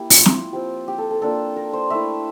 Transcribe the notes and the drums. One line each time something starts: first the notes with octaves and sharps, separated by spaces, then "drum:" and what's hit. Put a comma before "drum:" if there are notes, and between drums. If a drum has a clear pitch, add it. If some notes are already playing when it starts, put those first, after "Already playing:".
Already playing: A#3 E4 G4
F4, drum: open hi-hat
drum: snare
F3 C4 F4 G4
G4
A4
A4
A#3 D4 F4 A4
A#4
C5
A3 E4 E5